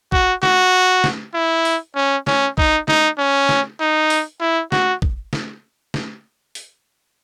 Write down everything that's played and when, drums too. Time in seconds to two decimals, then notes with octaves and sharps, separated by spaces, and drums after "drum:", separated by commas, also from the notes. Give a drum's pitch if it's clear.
0.12 F#4, drum: kick
0.43 F#4, drum: snare
1.04 drum: snare
1.34 E4
1.65 drum: open hi-hat
1.95 C#4
2.27 C#4, drum: snare
2.58 D#4, drum: kick
2.88 D#4, drum: snare
3.18 C#4
3.49 drum: snare
3.80 D#4
4.10 drum: open hi-hat
4.41 E4
4.72 F#4, drum: snare
5.02 drum: kick
5.33 drum: snare
5.94 drum: snare
6.55 drum: open hi-hat